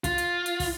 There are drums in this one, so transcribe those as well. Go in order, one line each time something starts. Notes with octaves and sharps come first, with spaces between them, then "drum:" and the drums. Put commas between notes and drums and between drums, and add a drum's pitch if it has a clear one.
F4, drum: kick, hi-hat
drum: hi-hat
drum: hi-hat
drum: kick, open hi-hat